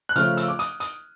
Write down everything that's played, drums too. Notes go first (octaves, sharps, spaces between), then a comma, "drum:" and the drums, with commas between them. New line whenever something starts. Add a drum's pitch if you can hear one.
F#6
C#3 F3 A3 C#4 F6, drum: hi-hat
E6, drum: hi-hat
D6
D#6, drum: hi-hat
D#6, drum: hi-hat